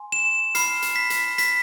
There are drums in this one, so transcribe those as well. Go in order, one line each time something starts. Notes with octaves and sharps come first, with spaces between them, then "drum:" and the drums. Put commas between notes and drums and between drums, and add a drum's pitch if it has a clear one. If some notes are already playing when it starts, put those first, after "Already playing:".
Already playing: G#5 C6
E7
B5 F6 C7, drum: hi-hat
drum: hi-hat
B6
drum: hi-hat
B6, drum: hi-hat